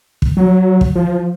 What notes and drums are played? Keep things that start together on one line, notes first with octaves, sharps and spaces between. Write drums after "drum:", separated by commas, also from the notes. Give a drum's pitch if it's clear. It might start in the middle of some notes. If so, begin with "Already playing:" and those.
drum: kick
F#3
drum: kick
F3